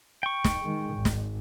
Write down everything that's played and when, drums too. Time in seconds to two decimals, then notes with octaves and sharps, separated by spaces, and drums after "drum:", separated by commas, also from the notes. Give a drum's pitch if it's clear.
0.23 G5 C#6
0.44 drum: snare
0.62 D#3 G#3
0.94 G#1
1.05 drum: snare